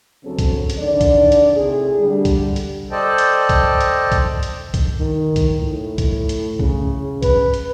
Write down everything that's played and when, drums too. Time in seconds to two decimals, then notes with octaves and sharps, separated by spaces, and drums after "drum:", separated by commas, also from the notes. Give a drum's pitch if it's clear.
0.24 D2 C#3 F#3 C4 A4
0.39 drum: kick, hi-hat
0.70 drum: hi-hat
0.79 D3 D#3 D#4 D5
1.01 drum: kick, hi-hat
1.32 drum: hi-hat
1.54 A2 C3 G#4
2.00 D3 G3
2.25 drum: kick, hi-hat
2.56 drum: hi-hat
2.91 A4 C5 D5 D#5 G5 A5
3.18 drum: hi-hat
3.49 drum: kick, hi-hat
3.81 drum: hi-hat
4.12 drum: kick, hi-hat
4.43 drum: hi-hat
4.74 drum: kick, hi-hat
5.00 D#3
5.36 drum: kick, hi-hat
5.61 A2
5.98 drum: kick, hi-hat
6.29 drum: hi-hat
6.60 C#3, drum: kick
7.23 B4, drum: kick, hi-hat
7.54 drum: hi-hat